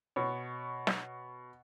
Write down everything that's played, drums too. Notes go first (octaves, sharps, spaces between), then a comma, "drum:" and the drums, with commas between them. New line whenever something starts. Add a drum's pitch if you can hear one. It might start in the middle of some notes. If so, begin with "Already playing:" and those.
B2 C#5
drum: snare